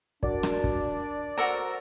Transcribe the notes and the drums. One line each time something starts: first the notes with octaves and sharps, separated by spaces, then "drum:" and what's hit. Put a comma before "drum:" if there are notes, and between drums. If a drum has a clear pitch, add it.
D4 F#4 A#4 D5, drum: kick
drum: rim click
drum: kick
F#4 A#4 C5 A#5 E6